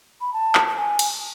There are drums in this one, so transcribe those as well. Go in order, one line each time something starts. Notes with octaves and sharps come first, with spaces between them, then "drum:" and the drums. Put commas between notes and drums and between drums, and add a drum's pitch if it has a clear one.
B5
A5
drum: clap
A5
G#5
drum: cymbal